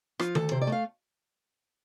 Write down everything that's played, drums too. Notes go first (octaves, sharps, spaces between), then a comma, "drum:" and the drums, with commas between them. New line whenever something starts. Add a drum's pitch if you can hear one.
F3 F4, drum: rim click
D2 A4, drum: tom D#3
C3 C5
D5
A3
F5